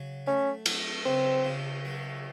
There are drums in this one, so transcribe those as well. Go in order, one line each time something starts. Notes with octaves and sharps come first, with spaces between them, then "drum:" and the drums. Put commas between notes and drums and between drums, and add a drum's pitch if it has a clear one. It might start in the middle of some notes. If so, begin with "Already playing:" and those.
Already playing: C#3 F#3
A3 C#4
F#3, drum: cymbal
C#3 C4
C#3
F#3